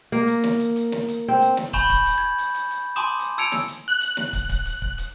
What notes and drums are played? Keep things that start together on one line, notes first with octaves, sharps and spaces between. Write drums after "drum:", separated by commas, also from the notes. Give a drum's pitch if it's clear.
A#3
drum: hi-hat
drum: snare
drum: hi-hat
drum: hi-hat
drum: snare
drum: hi-hat
C4
drum: hi-hat
drum: snare
G#5 B5 C#6 G6 E7 F#7, drum: kick, hi-hat
drum: kick, hi-hat
drum: hi-hat
G#6
drum: hi-hat
drum: hi-hat
drum: hi-hat
G#5 A5 C6 D6 D#6 E7
drum: hi-hat
A5 E6 G#6 C#7 D7 F7, drum: hi-hat
drum: snare
drum: hi-hat
F#6
drum: hi-hat
drum: snare
drum: kick, hi-hat
drum: kick, hi-hat
drum: hi-hat
drum: kick
drum: hi-hat